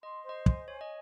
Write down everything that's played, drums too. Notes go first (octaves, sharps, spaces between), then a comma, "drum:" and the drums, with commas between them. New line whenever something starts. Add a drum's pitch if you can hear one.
D#5 C6
C5 D#5
G#5, drum: kick
C#5 G#5
D#5